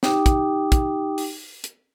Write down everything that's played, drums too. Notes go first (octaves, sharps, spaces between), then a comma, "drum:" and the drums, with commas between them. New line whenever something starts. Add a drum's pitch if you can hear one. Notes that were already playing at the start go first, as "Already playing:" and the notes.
D#4 G4 G5 D6 D#6, drum: snare
drum: kick, hi-hat
drum: kick, hi-hat
drum: open hi-hat
drum: hi-hat